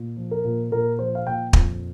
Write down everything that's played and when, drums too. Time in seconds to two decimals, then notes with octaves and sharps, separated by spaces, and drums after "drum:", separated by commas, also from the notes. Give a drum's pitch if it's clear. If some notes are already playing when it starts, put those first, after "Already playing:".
Already playing: A#2
0.17 F3
0.31 A#4
0.44 A#2
0.71 A#2 A#4
0.99 F3 C5
1.15 F5
1.26 A#2 G5
1.53 F2, drum: kick